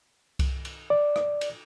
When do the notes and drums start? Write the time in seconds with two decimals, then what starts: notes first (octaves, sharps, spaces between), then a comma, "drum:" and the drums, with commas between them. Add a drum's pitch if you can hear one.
0.39 drum: kick C2, cymbal
0.65 drum: cymbal
0.90 D5
1.16 drum: rim click
1.41 drum: cymbal